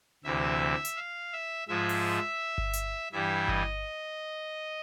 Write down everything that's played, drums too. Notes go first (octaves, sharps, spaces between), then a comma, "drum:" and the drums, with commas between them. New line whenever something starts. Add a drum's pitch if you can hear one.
D2 C3 E3 E5
drum: hi-hat
F5
E5
G#2 F3 G#3 E5
drum: open hi-hat
drum: kick G1
drum: hi-hat
G2 E3 G3 E5
D#5, drum: kick G1